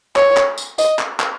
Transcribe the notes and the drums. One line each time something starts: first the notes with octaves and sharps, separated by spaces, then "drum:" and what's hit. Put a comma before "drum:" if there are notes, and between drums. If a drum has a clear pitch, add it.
C#5, drum: clap
drum: clap
drum: tambourine
D#5, drum: tambourine
drum: clap
drum: clap